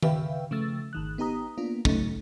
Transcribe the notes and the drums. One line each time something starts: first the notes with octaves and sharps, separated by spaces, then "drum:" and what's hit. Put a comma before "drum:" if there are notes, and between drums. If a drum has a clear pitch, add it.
C#3 B4 E5 F5 G5, drum: tom D#3
C#3 F3 A3 E6 A6
G#1 D#3 F#6
B3 D#4 G4 A#5 D#6
A#3 B3 D4 F4
C#3 F#3 A3 C#4 D#4, drum: kick